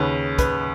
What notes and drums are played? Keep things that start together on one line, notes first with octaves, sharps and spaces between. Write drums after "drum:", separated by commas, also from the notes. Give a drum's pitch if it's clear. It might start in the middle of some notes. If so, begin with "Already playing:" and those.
Already playing: D#2 C#3 B4
B4, drum: kick, hi-hat